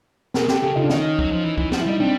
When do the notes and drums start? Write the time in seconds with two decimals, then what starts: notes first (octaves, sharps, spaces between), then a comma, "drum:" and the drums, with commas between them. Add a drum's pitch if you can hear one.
0.34 B2 G#4 A#4, drum: snare
0.48 C3 G4 A4, drum: snare
0.62 C#3 G4 A4
0.76 C#3 D#4 F4
0.84 D4
0.89 D#3 C#4 D#4, drum: snare
1.19 F#3, drum: kick
1.31 F3
1.44 E3
1.58 E3, drum: kick
1.72 F3, drum: snare
1.80 E4
1.86 G3 D#4
2.00 G3 C4 D4